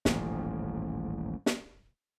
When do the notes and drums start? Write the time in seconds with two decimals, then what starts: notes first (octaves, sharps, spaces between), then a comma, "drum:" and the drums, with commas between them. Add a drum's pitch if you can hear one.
0.05 D#1 A1 G#2 F3, drum: snare
1.46 drum: snare